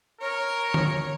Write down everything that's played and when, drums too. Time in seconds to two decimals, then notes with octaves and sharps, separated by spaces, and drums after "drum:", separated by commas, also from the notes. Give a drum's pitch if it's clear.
0.21 A#4 C#5
0.74 drum: tom D3